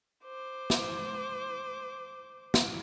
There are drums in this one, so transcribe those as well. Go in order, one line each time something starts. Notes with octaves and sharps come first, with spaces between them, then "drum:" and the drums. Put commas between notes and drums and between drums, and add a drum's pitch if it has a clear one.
C5 D6
drum: snare
drum: snare